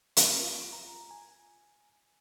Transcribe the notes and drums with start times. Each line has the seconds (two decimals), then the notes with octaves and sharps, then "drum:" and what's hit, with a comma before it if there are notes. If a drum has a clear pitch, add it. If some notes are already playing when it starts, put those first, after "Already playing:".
0.17 A#3, drum: hi-hat
0.40 F4
0.72 A#5
1.11 G#5